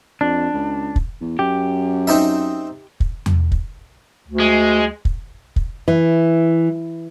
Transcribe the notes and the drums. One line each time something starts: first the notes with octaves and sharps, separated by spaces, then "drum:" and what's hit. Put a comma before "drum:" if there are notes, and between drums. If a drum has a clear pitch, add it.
F2 D4
C#2
drum: kick
E2
F#2 G4
C4 D#4 E5
drum: kick
drum: tom E2
drum: kick
D2
G#3
drum: kick
drum: kick
E3